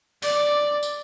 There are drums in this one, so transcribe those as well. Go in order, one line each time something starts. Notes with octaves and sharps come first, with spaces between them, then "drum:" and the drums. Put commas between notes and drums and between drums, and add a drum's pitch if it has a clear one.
D5, drum: open hi-hat
drum: tambourine